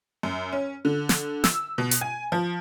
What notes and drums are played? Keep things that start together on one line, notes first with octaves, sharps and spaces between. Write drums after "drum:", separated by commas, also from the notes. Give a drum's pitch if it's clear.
F#2
C#4
D3
drum: snare
E6, drum: snare
B2
drum: hi-hat
G#5
F3